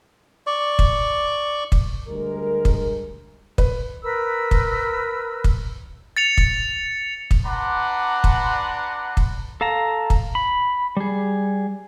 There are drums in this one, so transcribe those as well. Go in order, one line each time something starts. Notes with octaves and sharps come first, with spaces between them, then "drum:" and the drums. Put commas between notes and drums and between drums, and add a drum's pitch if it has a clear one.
D5 C#6
drum: kick
drum: kick
D2 G3 G#3 A#4
drum: kick
B4, drum: kick
A#4 B4 B5 E6
drum: kick
drum: kick
A6 C#7 F7
drum: kick
drum: kick
D4 B4 D5 F#5 A#5 C6
drum: kick
drum: kick
A4 F5 A5 A#5
drum: kick
B5
G3 G#4